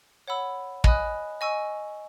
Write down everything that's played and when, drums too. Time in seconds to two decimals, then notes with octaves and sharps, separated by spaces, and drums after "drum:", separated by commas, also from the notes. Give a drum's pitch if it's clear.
0.28 C#5 F#5 B5 E6
0.84 D#5 G#5 B5 D#6 F#6, drum: kick
1.41 D#5 G#5 C#6 E6